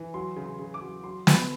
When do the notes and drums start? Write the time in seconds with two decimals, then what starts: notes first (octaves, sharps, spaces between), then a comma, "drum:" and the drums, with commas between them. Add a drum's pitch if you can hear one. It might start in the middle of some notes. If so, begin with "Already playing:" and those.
Already playing: E3
0.14 F#3 C6
0.36 C#3
0.44 C6
0.59 C#3
0.74 D6
0.81 F#3
1.04 F#3 C6
1.27 F#3, drum: snare
1.34 B5